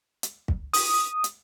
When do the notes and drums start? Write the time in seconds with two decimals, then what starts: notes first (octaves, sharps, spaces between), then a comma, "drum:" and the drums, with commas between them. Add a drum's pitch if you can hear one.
0.23 drum: hi-hat
0.48 drum: kick
0.73 D#6, drum: open hi-hat
1.24 drum: hi-hat